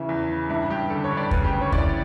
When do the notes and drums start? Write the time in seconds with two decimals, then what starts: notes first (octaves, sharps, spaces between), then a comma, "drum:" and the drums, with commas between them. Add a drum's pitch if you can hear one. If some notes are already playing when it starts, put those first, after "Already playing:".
Already playing: C#3 E3 E4
0.09 E2
0.30 C#3
0.49 G2 E4
0.70 G2 G4
0.90 D3 A4
1.04 C#5
1.11 G2
1.17 D5
1.31 C#3 B4, drum: kick
1.44 G4
1.52 D2
1.61 C#5
1.72 E3 D5, drum: kick